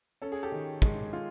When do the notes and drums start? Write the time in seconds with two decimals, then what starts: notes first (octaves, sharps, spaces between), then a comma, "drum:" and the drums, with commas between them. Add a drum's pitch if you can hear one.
0.22 C#4 A4
0.32 G#4
0.43 G4 A4
0.52 D#3
0.82 G#3, drum: kick
1.13 F4